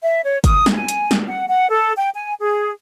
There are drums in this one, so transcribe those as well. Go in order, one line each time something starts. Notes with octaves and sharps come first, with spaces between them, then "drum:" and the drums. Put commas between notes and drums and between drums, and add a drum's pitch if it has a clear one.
E5
C#5
D#6, drum: kick, hi-hat
drum: snare
G#5
drum: hi-hat
drum: snare
F#5
F#5
A4
G5
G#5
G#4